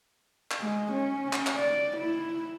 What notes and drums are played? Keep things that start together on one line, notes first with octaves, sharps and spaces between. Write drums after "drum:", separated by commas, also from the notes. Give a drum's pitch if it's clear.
drum: clap
G#3
C#4
drum: clap
drum: clap
D5
E4